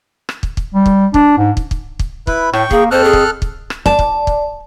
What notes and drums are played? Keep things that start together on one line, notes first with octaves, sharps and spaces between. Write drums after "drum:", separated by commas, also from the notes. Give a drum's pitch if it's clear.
drum: rim click
drum: kick
drum: kick
G3
drum: kick
D4, drum: kick
G#2
drum: kick
drum: kick
drum: kick
E4 B4, drum: kick
A2 G5 C#6, drum: rim click
A#3 G#4, drum: kick
F2 A4 C5 F6 F#6
G#4
drum: kick
drum: kick
drum: rim click
D5 A5, drum: kick
drum: kick
drum: kick